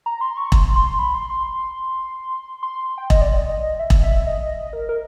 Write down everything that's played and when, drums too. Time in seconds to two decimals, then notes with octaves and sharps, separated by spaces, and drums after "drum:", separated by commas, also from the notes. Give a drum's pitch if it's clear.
0.06 A#5
0.21 C6
0.37 C#6
0.52 C6, drum: kick E1
0.76 C6
0.99 B5
1.14 C6
1.30 C6
2.63 C6
2.98 G5
3.10 D#5, drum: kick E1
3.21 D5
3.33 D#5
3.80 E5
3.90 drum: kick E1
4.03 E5
4.27 D#5
4.73 A#4
4.89 A#4